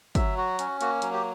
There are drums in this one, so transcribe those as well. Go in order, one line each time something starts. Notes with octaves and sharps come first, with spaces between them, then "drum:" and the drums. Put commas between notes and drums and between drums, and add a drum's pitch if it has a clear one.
F#3 E5, drum: kick, hi-hat
F#4
C#4, drum: hi-hat
A#3 F#4, drum: hi-hat
F#3, drum: hi-hat
G4